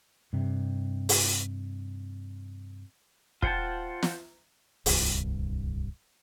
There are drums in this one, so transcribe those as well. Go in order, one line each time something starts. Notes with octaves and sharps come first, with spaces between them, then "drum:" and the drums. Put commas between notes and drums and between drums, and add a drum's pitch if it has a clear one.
G2 C3
drum: open hi-hat
F4 C5 F#5 G5 A5, drum: kick
drum: snare
D1 C2 G2, drum: open hi-hat